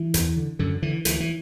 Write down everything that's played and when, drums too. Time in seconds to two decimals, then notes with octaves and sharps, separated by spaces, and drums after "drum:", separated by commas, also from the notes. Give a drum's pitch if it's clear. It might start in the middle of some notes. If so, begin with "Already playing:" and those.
Already playing: E3
0.14 E2, drum: hi-hat
0.37 D3
0.59 F#2 D3
0.82 D3 E3
1.05 D2 E3, drum: hi-hat
1.20 E3